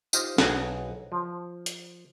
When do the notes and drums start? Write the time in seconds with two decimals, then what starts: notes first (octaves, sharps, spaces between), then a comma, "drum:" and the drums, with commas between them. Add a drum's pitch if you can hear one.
0.13 D#4 F4 G4 C5 D#5, drum: tambourine
0.38 B1 F#4 G#4, drum: snare
1.12 F3
1.66 drum: hi-hat